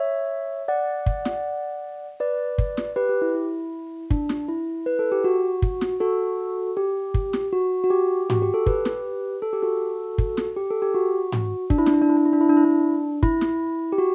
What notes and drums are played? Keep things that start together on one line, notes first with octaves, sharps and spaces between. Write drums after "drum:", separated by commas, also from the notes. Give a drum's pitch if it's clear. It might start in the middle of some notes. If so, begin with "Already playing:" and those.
Already playing: C#5 E5
D5 F#5
drum: kick
drum: snare
B4 D5
drum: kick
drum: snare
G4 B4
G4
E4
E4
D4, drum: kick
drum: snare
E4
B4
A4
G4
F#4
drum: kick
drum: snare
F#4 A4
G4
drum: kick
drum: snare
F#4
F#4
G4
F#4, drum: tom G#2
G4
A4
G4 B4, drum: kick
drum: snare
A4
G4
F#4 A4
drum: kick
drum: snare
G4
A4
G4
F#4
drum: tom G#2
D4, drum: kick
E4
D4, drum: snare
E4
D4
E4
D4
E4
D4
E4
D4
E4
D4
E4, drum: kick
drum: snare
G4
F#4